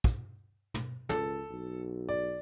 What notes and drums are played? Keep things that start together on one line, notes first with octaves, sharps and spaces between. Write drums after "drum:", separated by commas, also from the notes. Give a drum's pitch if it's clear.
drum: kick
drum: tom
C#2 A4, drum: tom
B1
D5